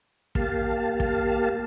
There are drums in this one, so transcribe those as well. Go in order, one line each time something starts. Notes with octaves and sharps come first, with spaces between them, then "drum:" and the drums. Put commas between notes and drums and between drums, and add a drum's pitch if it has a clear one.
A#3 G4 F5 A5, drum: kick
drum: kick